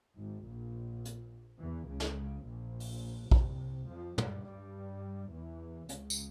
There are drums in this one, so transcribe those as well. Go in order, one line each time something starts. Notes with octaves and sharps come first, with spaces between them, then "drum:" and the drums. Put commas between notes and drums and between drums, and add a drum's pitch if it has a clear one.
G#1 G#2
A#1 A#2
drum: hi-hat
E2 E3
C#2 C#3
drum: snare
A#1 A#2
drum: open hi-hat
C2 C3, drum: kick
F2 F3
G2 G3, drum: tom
G2 G3
E2 E3
C#2 C#3, drum: hi-hat
drum: tambourine